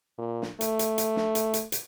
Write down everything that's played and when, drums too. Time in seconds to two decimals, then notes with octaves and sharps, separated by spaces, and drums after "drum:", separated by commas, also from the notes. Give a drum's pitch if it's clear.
0.18 A#2
0.42 drum: snare
0.61 A3, drum: hi-hat
0.79 drum: hi-hat
0.98 drum: hi-hat
1.16 drum: snare
1.35 drum: hi-hat
1.54 drum: hi-hat
1.72 drum: hi-hat